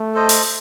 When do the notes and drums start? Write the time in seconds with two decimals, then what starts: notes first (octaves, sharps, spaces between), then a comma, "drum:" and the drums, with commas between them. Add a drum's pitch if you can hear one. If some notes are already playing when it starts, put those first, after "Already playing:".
Already playing: A3
0.14 A4 C5 D#5
0.29 drum: open hi-hat